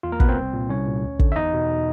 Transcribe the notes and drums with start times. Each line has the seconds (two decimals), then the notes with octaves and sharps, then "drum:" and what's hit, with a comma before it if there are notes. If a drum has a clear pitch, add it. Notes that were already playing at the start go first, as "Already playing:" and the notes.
0.03 E2 F4
0.12 A#3 A#4
0.20 B2 B3 B4, drum: kick
0.29 C4 C5
0.37 C2
0.53 A#2
0.69 C2 C#4 C#5
0.86 A#2
1.03 D2
1.19 D3, drum: kick
1.32 E5
1.36 E2 D#4 D#5
1.53 B2